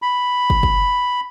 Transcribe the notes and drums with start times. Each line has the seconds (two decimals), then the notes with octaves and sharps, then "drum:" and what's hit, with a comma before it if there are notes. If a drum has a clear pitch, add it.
0.02 B5
0.50 drum: kick
0.63 drum: kick